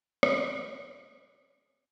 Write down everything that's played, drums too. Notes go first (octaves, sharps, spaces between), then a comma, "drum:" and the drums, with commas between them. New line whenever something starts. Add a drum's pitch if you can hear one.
B5, drum: rim click
G4
A#5
A5
G#4
D#5
G#5
G#5